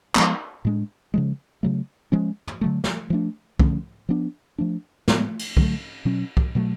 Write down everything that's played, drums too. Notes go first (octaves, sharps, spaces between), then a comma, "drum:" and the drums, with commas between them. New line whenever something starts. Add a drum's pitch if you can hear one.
F3 G#3 B3, drum: clap
A2 G#3 D4
C#3 F3 G#3
C#3 F#3 A3
F3 G#3 C#4
drum: tom
D3 F#3 A3
drum: snare
F3 A3 D4
D3 F3 A3 C#4, drum: kick
F3 B3 D4
F3 A3 D4
A2 G#3 B3, drum: snare
drum: cymbal
D3 F#3 A3, drum: kick
B2 F#3 C#4
drum: kick
B2 F#3 A3